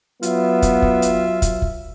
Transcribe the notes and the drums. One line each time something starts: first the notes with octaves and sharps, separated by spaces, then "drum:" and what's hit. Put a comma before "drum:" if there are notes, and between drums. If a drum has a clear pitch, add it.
F#3 B3 F4 E5, drum: hi-hat
drum: kick, hi-hat
drum: kick
drum: hi-hat
drum: kick, hi-hat
drum: kick